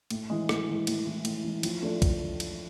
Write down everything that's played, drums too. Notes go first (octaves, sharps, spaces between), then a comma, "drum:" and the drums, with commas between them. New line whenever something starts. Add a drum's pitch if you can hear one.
A2, drum: cymbal
E3 G#3
A2, drum: rim click
E3 G#3
A2, drum: cymbal
E3 G#3
A2, drum: cymbal
E3 G#3
F3, drum: cymbal
A3 D4 F4
drum: kick, cymbal
drum: cymbal